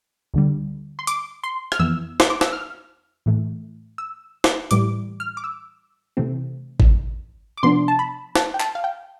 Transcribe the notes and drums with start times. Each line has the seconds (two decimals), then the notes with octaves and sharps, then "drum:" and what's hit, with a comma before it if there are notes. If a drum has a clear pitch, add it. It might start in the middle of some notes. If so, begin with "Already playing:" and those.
0.34 D2 D3 G3
0.99 C6
1.07 D6, drum: hi-hat
1.44 C6
1.72 F6, drum: rim click
1.79 F2 E3 B3 E6
2.20 C6, drum: snare
2.30 D6
2.41 E6, drum: snare
2.53 F6
3.26 A2 E3 A3
3.98 E6
4.44 drum: snare
4.71 A2 E3 G3 D6, drum: hi-hat
5.20 F6
5.37 D6
5.44 E6
6.17 C3 E3 A3 C4
6.80 drum: kick G#1
7.57 D6
7.63 C3 F3 B3 D4 C6
7.88 A5
7.99 B5
8.35 A5, drum: snare
8.54 G5
8.60 A5, drum: clap
8.75 F5
8.84 G5